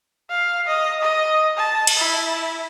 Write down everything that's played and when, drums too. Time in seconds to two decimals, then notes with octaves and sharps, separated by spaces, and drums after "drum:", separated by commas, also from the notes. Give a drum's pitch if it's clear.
0.30 F5
0.67 D#5
1.02 D#5
1.57 A5
1.87 drum: cymbal
1.97 E4